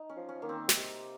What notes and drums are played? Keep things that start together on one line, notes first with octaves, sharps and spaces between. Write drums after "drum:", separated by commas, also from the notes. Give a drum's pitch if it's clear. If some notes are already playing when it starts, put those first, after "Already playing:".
Already playing: D#4
C#4
F3
C#4
D#3 A#3
C4
C3, drum: snare